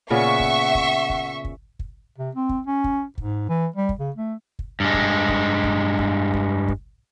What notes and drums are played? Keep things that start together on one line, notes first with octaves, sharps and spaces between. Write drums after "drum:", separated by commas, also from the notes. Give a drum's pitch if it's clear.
A#2 C#3 B3 E5 F#5 C#6
drum: kick
drum: kick
drum: kick
drum: kick
drum: kick
C3
C4
drum: kick
C#4
drum: kick
G#2, drum: kick
E3
G3
drum: kick
C#3
A3
drum: kick
G2 G#3
drum: kick
drum: kick
drum: kick
drum: kick
drum: kick
drum: kick